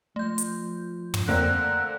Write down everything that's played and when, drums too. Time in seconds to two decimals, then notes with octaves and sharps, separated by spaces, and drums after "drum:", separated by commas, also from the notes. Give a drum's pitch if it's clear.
0.16 F3 A3 G6
0.38 drum: hi-hat
1.14 drum: tom
1.28 D3 A#3 C4 F#5